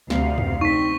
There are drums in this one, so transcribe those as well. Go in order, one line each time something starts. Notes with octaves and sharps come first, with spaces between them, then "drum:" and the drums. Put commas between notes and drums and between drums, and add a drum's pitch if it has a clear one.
D2 C3 F5, drum: snare
drum: tom F2
C4 D#4 C#6 B6